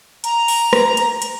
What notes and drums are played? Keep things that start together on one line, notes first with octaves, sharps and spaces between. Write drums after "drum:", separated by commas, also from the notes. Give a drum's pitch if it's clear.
A#5, drum: hi-hat
drum: open hi-hat
drum: rim click
drum: hi-hat
drum: hi-hat